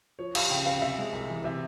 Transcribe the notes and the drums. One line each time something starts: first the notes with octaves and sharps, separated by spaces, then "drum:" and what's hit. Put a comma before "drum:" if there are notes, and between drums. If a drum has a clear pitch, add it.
F3 C#5
G4 F5, drum: cymbal
C#3 G5
C4 F5
C3 E5
G#3
C2
E3
C3 E5